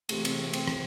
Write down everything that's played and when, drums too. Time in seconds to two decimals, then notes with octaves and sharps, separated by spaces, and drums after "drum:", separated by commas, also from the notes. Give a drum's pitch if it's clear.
0.09 C#2 C3 E3 A3, drum: cymbal
0.25 C4, drum: cymbal
0.31 A3
0.43 A3
0.53 C4, drum: cymbal
0.68 drum: rim click